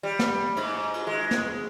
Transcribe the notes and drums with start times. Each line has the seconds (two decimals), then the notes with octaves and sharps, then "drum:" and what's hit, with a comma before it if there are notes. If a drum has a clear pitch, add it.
0.03 G3
0.19 drum: snare
0.57 G#2, drum: cymbal
0.94 drum: cymbal
1.07 G#3
1.31 drum: snare